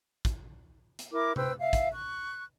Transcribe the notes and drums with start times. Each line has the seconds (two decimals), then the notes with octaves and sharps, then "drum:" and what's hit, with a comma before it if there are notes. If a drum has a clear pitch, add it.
0.25 drum: kick, hi-hat
0.99 drum: hi-hat
1.12 E4 A#4 D6
1.36 B4 C5 G5 E6, drum: tom C3
1.59 E5 F5
1.73 drum: kick, hi-hat
1.92 C#6 F#6